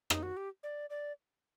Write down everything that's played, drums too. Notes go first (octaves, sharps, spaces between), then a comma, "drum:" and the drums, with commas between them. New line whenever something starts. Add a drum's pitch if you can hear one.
D#4, drum: rim click
F#4
G4
D5
D5